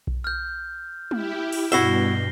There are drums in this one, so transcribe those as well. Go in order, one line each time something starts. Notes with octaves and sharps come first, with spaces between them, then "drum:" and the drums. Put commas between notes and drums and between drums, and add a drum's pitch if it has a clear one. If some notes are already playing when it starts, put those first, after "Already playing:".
drum: kick B1
F6 G6
E4 G4, drum: tom
drum: cymbal
G2 B2 E4 F#4 E5 A#6 C7 G7, drum: open hi-hat